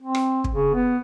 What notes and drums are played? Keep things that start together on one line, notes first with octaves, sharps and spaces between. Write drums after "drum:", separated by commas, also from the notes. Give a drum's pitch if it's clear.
C4
drum: rim click
drum: kick
C#3
B3